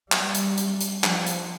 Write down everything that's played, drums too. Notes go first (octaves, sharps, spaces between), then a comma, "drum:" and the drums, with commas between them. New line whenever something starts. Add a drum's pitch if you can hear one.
G3, drum: clap
drum: hi-hat
drum: hi-hat
drum: hi-hat
F3, drum: clap
drum: hi-hat